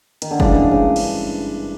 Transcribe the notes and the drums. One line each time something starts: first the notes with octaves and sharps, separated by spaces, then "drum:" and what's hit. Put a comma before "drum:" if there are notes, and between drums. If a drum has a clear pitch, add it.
D#3, drum: hi-hat
D3
G#1 G2 C#3 E3 A3 D4, drum: kick
C#3
drum: cymbal